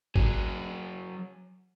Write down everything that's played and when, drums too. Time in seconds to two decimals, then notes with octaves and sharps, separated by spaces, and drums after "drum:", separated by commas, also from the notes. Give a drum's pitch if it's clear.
0.16 F#3 G#4, drum: kick G#1